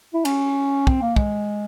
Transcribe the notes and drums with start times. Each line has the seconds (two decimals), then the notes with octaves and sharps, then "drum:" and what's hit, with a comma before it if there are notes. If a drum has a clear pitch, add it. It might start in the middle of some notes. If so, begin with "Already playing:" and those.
0.14 E4
0.25 C#4, drum: cymbal
0.87 C4, drum: kick
1.02 A#3
1.16 G#3, drum: kick